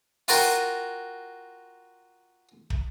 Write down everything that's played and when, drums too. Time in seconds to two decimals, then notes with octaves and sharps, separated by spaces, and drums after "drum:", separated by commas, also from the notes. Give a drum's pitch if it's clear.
0.28 F4 F#4 A#4 G5, drum: open hi-hat
2.70 drum: kick